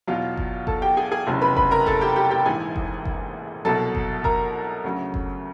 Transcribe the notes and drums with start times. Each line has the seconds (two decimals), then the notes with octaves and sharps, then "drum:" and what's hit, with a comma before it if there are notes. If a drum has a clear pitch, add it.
0.07 E2 B2 F#3 F4 F5
0.37 drum: kick F#1
0.67 A4 A5, drum: kick F#1
0.82 G4 G5
0.97 G#4 G#5
1.12 G#4 G#5
1.27 F1 E2 C#3 F#3
1.42 B4 B5
1.56 B4 B5, drum: kick F#1
1.71 A#4 A#5
1.86 A4 A5, drum: kick F#1
2.01 G4 G5
2.16 G4 G5
2.30 G4 G5
2.46 A#1 G#2 E3 G#4 G#5
2.76 drum: kick F#1
3.05 drum: kick F#1
3.65 C2 B2 F#3 A4 A5
3.95 drum: kick F#1
4.24 A#4 A#5, drum: kick F#1
4.84 D2 C#3 F#3
5.14 drum: kick F#1